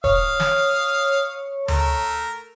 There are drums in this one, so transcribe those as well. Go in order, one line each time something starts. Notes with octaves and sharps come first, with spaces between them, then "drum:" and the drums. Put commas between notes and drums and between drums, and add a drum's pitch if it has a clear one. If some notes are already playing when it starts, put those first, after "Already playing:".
C#5 F5 D#6 F6, drum: kick
drum: snare
A3 A#4, drum: tom D2